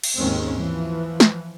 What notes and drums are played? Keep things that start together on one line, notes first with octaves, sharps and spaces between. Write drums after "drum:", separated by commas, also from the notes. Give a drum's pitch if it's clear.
drum: cymbal
D#2 G#2 D#3 G#3 C4 C#4
E3 F3
drum: snare